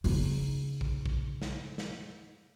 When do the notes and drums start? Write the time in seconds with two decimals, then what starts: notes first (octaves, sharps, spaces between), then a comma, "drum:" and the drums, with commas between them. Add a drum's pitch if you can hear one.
0.04 C#3 D#4, drum: open hi-hat
0.81 drum: kick
1.06 drum: kick
1.42 drum: snare
1.78 drum: snare